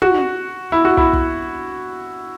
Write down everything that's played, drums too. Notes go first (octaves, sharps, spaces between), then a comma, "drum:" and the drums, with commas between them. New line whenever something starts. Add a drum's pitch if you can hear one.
F#4, drum: tom
E4
F#4
E4, drum: kick
drum: kick